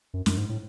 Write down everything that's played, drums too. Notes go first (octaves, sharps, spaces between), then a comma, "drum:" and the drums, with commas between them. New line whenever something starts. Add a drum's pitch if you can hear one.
F#2
F#2, drum: snare
G#2
A2